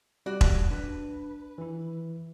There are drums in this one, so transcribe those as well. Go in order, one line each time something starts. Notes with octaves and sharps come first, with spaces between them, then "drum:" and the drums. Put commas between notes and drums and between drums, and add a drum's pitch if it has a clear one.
G3 F#4 D5
drum: kick E1
D4 B4
E3 E4